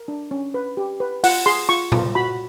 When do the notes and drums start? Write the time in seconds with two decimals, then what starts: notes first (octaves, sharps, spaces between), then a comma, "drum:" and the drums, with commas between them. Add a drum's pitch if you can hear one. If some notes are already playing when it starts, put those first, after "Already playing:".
Already playing: A#4
0.08 D4
0.31 C#4
0.54 B4
0.77 G4
1.00 B4
1.24 F4 F#5, drum: open hi-hat
1.46 G#4 C6
1.69 F4 C#6
1.92 F4, drum: tom A#2
2.15 F#4 B5